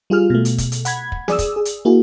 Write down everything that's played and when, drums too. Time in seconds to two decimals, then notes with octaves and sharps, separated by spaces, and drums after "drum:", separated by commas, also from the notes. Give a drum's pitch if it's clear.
0.10 G3 F4 G#4 F6
0.30 B2 A3
0.45 drum: hi-hat
0.58 drum: kick, hi-hat
0.72 drum: hi-hat
0.85 F#5 B5 G#6, drum: hi-hat
1.12 drum: kick
1.28 G#4 D5 D#6 E6, drum: snare
1.39 drum: kick, hi-hat
1.56 G#4
1.65 drum: hi-hat
1.85 A#3 E4 F#4 G#4